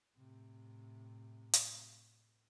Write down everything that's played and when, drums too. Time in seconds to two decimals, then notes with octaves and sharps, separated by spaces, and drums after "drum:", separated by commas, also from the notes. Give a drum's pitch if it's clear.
0.14 A2 C3
1.53 drum: hi-hat